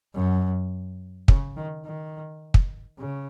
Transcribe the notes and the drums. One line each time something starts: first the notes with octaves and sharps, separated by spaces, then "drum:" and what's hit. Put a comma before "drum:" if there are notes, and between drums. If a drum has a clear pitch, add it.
F#2
C#3, drum: kick
D#3
D#3
drum: kick
C#3